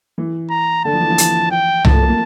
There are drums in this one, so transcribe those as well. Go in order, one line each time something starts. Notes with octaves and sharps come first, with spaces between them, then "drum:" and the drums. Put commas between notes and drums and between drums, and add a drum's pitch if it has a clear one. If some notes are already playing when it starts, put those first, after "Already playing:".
E3
A#5
D3 A5
F3
E3
F3
E3, drum: hi-hat
G5
F3 A5, drum: tom C2
A3
A#3
F3